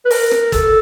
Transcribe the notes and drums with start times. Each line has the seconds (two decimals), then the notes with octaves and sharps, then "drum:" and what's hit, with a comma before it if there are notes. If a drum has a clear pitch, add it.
0.05 B4
0.11 A#4, drum: open hi-hat
0.31 drum: rim click
0.52 A4, drum: kick, hi-hat